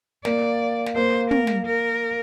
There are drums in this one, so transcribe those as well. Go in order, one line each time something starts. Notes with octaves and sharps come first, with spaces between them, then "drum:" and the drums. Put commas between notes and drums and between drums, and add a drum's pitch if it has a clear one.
A#3 D5, drum: snare
drum: snare
A#3 C5
A#4, drum: tom
drum: snare
A#4